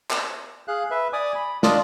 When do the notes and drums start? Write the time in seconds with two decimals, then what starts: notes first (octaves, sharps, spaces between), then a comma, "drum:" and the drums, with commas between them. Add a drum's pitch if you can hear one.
0.11 drum: clap
0.68 G#4 F5 F#6
0.91 B4 E5
1.13 D5 G#5 D6 D#6
1.35 B5
1.63 D4 F4 D5 D#5, drum: snare